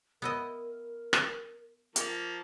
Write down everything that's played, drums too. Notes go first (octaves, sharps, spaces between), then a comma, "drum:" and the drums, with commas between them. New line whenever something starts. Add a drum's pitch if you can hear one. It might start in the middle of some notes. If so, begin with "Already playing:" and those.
B3 E4 A#4 D#5
drum: rim click
F3 A#3, drum: hi-hat